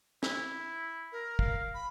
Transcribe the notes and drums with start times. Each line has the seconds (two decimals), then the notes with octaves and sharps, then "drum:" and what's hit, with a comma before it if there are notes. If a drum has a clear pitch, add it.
0.23 E4, drum: snare
1.12 A#4
1.39 F5, drum: kick
1.74 B5